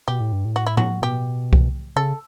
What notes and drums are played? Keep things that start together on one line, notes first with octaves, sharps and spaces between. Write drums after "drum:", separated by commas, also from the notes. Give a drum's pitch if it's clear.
B2 G4
A2
G2
A2
F#4
E4
F#4, drum: tom A2
B2 G4
drum: kick C2
C#3 A4